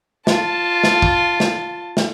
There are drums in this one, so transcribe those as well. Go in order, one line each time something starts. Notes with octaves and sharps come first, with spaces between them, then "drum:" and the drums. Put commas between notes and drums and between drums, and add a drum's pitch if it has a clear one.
F4 A5, drum: snare
drum: snare
drum: kick
drum: snare
drum: snare